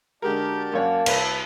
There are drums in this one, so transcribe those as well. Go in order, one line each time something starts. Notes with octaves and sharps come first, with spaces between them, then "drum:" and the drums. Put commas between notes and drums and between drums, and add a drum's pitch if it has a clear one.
D3 G#3 F#4 G4 A#4 D5 A5
F#2 A#3 C#5 F#5
C2 B4 E5 A5, drum: cymbal